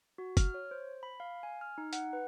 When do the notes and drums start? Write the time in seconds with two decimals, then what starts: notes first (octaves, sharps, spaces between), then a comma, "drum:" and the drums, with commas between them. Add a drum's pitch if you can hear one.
0.18 F#4
0.37 F6, drum: kick, hi-hat
0.54 C#5
0.71 C5
1.03 B5
1.20 F5
1.43 G#5
1.61 F6
1.78 D#4
1.93 F#5, drum: hi-hat
2.13 B4